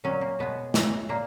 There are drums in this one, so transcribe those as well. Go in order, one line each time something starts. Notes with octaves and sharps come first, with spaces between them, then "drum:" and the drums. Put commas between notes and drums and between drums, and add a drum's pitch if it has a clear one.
A#2 F#3 C#4
A#3
B2 G#3 B3
C#3 E3 G#3, drum: snare
A#2 A#3